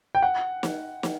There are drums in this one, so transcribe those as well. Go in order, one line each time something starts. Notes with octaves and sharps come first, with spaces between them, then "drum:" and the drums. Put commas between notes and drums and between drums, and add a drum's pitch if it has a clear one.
G5
F#5
drum: snare
drum: snare